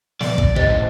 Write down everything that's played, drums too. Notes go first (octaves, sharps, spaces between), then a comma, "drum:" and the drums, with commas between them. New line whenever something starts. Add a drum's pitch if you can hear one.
D5, drum: snare
drum: kick
A2 G4 C5 D#5 A6, drum: kick